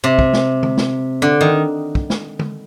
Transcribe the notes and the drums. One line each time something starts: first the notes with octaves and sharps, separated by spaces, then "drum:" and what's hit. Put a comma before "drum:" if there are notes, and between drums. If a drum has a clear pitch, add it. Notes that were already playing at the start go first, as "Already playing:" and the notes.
C3
drum: kick
drum: snare
drum: tom D3
drum: snare
D3
D#3
drum: kick
drum: snare
drum: tom D3